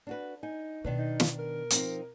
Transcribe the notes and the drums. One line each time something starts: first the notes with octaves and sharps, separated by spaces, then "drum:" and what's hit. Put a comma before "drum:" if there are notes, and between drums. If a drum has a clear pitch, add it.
D4 F#4 B4
D#4 G#5
B2 D#3 D4 B4
D#4
drum: snare
A#4
F3 C4 D#4, drum: hi-hat